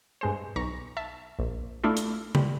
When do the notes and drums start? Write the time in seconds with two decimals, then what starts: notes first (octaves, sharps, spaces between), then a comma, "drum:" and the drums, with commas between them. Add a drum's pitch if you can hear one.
0.21 G2 G#3 C5
0.56 B1 A#5 C#6 A#6
0.97 E5 A5
1.39 A#1
1.84 A3 D4 E4 F4
1.97 drum: hi-hat
2.35 G3, drum: tom C#3